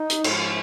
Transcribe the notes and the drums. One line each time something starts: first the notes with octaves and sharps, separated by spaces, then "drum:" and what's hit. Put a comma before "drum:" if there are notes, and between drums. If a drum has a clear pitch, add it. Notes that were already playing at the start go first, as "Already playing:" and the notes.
Already playing: D#4
drum: hi-hat
G#2 F3 C#4, drum: cymbal